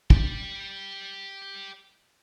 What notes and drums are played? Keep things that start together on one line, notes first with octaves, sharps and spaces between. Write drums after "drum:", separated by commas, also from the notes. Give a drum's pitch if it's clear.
G4 D5, drum: kick